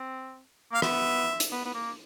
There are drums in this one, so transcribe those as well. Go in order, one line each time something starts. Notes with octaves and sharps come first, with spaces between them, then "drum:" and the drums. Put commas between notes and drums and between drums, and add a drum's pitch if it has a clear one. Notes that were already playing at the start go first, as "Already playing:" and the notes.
Already playing: C4
A#3 F5
B3 E5, drum: rim click
drum: hi-hat
B3
B3
A#3